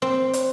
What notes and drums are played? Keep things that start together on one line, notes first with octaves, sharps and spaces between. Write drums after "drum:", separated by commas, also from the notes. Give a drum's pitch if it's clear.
C4
drum: hi-hat